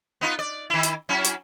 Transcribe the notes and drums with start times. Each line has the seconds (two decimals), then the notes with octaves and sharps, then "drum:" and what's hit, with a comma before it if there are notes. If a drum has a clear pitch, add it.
0.21 B3 D#4 F4
0.39 D5
0.70 D#3 E4
0.83 drum: hi-hat
1.09 F#3 C#4 E4
1.24 drum: hi-hat